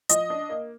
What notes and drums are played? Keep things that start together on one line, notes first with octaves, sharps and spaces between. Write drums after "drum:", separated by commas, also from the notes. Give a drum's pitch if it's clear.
F3 D#5, drum: hi-hat
D4
A#3